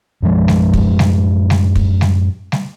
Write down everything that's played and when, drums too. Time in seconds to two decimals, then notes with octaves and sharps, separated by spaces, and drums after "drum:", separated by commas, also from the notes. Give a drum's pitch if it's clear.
0.23 F#2 A2 F3 G#3
0.48 drum: snare G3
0.74 drum: kick
0.99 drum: snare G3
1.50 drum: snare G3
1.76 drum: kick
2.01 drum: snare G3
2.52 drum: snare G3